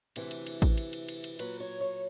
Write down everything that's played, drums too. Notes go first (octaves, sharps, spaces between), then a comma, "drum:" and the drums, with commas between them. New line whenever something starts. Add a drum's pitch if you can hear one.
D2 C3 E3, drum: cymbal
drum: cymbal
drum: cymbal
drum: kick A1, cymbal
drum: cymbal
drum: cymbal
drum: cymbal
drum: cymbal
A#2 F#3 B4, drum: cymbal
C#5
C#5